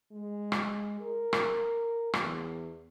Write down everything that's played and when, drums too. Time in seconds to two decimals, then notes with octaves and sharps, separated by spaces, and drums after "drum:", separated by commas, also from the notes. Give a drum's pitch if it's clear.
0.12 G#3
0.52 drum: rim click
1.00 A#4
1.33 drum: rim click
2.14 E2, drum: rim click